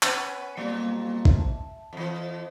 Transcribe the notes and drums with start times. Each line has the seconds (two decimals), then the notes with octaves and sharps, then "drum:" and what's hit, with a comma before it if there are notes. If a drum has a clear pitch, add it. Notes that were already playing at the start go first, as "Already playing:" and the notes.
0.03 B3 C#4 B4, drum: clap
0.57 F2 A#2 F#3 G3 A#3 B3
1.25 drum: kick
1.36 E5 A5
1.93 F2 E3